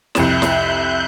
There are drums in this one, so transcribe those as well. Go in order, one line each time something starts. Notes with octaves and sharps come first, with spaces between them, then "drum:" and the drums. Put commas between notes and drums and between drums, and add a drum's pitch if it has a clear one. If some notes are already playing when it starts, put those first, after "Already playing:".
C2 F2 E5 F#6 G6 E7, drum: snare
drum: snare